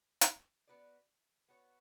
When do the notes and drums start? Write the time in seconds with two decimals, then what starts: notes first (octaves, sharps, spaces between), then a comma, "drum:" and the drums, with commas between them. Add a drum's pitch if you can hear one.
0.21 drum: hi-hat
0.67 B3 F#4 B4 D5
1.49 B3 F#4 C#5